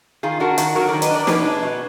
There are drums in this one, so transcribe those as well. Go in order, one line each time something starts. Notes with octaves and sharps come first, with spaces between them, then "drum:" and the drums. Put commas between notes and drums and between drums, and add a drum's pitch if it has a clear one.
D#3 F4 G#4
D4 F#4 A#4
D#3 F#4, drum: hi-hat
F#3 F#4 A#4
D#3 A#4 D5
B4 D#5, drum: hi-hat
D4 A#4 D5
B2 G#4 B4, drum: snare
D4
B2